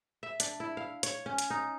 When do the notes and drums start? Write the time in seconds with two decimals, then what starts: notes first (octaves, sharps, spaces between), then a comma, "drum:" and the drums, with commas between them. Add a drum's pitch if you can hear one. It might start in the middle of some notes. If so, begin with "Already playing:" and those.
0.23 E5
0.40 D4, drum: hi-hat
0.60 E4
0.77 F5
1.03 C#5, drum: hi-hat
1.26 C#4
1.38 drum: hi-hat
1.50 D#4